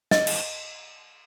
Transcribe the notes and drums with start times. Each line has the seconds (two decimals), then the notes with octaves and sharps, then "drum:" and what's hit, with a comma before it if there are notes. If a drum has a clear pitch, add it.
0.11 D#5, drum: snare
0.27 drum: cymbal